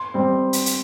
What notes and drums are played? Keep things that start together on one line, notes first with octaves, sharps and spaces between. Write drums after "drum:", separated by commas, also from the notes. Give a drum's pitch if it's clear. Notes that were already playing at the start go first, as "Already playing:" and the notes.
Already playing: C6
G3 C4
drum: hi-hat
drum: hi-hat